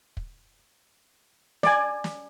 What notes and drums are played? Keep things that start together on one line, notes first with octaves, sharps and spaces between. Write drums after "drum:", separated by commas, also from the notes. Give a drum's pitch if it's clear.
drum: kick
D5 G#5, drum: snare
drum: snare